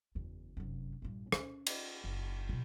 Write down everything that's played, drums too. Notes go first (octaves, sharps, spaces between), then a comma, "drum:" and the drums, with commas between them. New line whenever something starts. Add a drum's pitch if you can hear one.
F#1 E2
F1 F#2
A#1 G2
C#4, drum: rim click
drum: cymbal
F#1
B2 F3